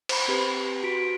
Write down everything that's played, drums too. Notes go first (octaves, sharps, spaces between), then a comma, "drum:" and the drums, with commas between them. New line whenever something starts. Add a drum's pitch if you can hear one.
C5 B5, drum: cymbal
C4 G4 B4
F#4 B6 D7